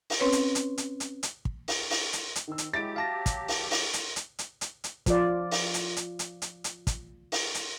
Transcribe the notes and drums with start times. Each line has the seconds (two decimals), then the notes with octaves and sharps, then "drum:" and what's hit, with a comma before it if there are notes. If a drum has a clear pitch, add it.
0.10 drum: open hi-hat
0.20 C4 C#4 B4 C#5
0.32 drum: hi-hat
0.55 drum: hi-hat
0.78 drum: hi-hat
1.00 drum: hi-hat
1.23 drum: hi-hat
1.45 drum: kick
1.68 drum: open hi-hat
1.90 drum: open hi-hat
2.13 drum: hi-hat
2.36 drum: hi-hat
2.48 D#3 C4 E6
2.58 drum: hi-hat
2.74 F#3 G#3 E4 G4 A6 D7
2.96 E5 F5 A5 A#6
3.26 drum: kick, hi-hat
3.48 drum: open hi-hat
3.71 drum: open hi-hat
3.93 drum: hi-hat
4.16 drum: hi-hat
4.39 drum: hi-hat
4.61 drum: hi-hat
4.84 drum: hi-hat
5.06 F3 F4 D5, drum: kick, hi-hat
5.51 drum: open hi-hat
5.74 drum: hi-hat
5.97 drum: hi-hat
6.19 drum: hi-hat
6.42 drum: hi-hat
6.64 drum: hi-hat
6.87 drum: kick, hi-hat
7.32 drum: open hi-hat
7.54 drum: hi-hat